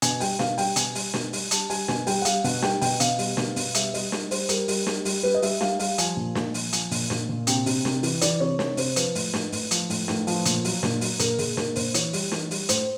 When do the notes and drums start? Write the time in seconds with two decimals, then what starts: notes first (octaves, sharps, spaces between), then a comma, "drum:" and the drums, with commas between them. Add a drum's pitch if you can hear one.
0.02 B2 G#5, drum: hi-hat
0.20 G3 G5, drum: open hi-hat
0.39 B2 F5, drum: snare
0.58 G3 G5, drum: open hi-hat
0.76 B2 G#5, drum: hi-hat
0.95 G3, drum: open hi-hat
1.14 B2, drum: snare
1.33 G3, drum: open hi-hat
1.51 G3 A5, drum: hi-hat
1.70 G3 G#5, drum: open hi-hat
1.88 B2 G#5, drum: snare
2.07 G3 G5, drum: open hi-hat
2.22 F#5
2.25 G3 F5, drum: hi-hat
2.44 B2 F#5, drum: open hi-hat
2.62 G3 G5, drum: snare
2.81 B2 G5, drum: open hi-hat
3.00 B2 F5, drum: hi-hat
3.18 G3, drum: open hi-hat
3.37 B2, drum: snare
3.56 B2, drum: open hi-hat
3.75 G3 E5, drum: hi-hat
3.94 G3 D#5, drum: open hi-hat
4.12 G3, drum: snare
4.31 G3 C5, drum: open hi-hat
4.49 G3 A#4, drum: hi-hat
4.68 G3, drum: open hi-hat
4.87 G3, drum: snare
5.05 G3, drum: open hi-hat
5.23 G3 B4
5.34 D#5
5.42 G3 E5, drum: open hi-hat
5.61 G3 F5, drum: snare
5.79 G3 F5, drum: open hi-hat
5.98 F3 G#5, drum: hi-hat
6.17 A#2
6.35 A#2, drum: snare
6.54 F3, drum: open hi-hat
6.73 F3 G#5, drum: hi-hat
6.91 A#2, drum: open hi-hat
7.10 A#2, drum: snare
7.29 A#2
7.47 C3 G5, drum: hi-hat
7.66 C3, drum: open hi-hat
7.85 C3, drum: snare
8.03 E3, drum: open hi-hat
8.22 E3 D5, drum: hi-hat
8.40 C3 C#5
8.59 C3 C#5, drum: snare
8.77 C3 C5, drum: open hi-hat
8.96 F3 B4, drum: hi-hat
9.15 A2, drum: open hi-hat
9.34 A2, drum: snare
9.52 A2, drum: open hi-hat
9.71 F3, drum: hi-hat
9.90 A2, drum: open hi-hat
10.08 A2, drum: snare
10.27 F3, drum: open hi-hat
10.46 A#2, drum: hi-hat
10.64 F#3, drum: open hi-hat
10.83 A#2, drum: snare
11.01 F#3, drum: open hi-hat
11.20 A#2 A#4, drum: hi-hat
11.38 A#2 G#4, drum: open hi-hat
11.57 A#2 A#4, drum: snare
11.76 A#2 C5, drum: open hi-hat
11.94 E3 C#5, drum: hi-hat
12.13 G3, drum: open hi-hat
12.32 E3, drum: snare
12.51 G3, drum: open hi-hat
12.69 A2 C5, drum: hi-hat